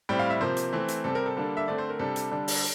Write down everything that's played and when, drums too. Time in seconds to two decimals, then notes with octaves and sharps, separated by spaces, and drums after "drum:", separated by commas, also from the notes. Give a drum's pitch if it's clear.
0.09 A2 G3 C4 G5
0.19 F5
0.30 E5
0.41 C3 F3 A#3 C5
0.57 drum: hi-hat
0.73 E3 A3 C4
0.88 drum: hi-hat
1.04 C3 G3 C4 A4
1.15 A#4
1.26 A4
1.37 D3 G3 A#3 D4
1.57 E5
1.68 D3 A3 C4 D5
1.78 C5
1.89 A#4
1.99 C3 G3 D4 A4
2.16 drum: hi-hat
2.31 D3 G3 D4
2.48 drum: open hi-hat